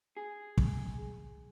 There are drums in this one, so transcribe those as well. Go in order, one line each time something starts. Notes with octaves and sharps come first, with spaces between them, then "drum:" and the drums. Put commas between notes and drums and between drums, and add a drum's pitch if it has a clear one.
G#4
drum: kick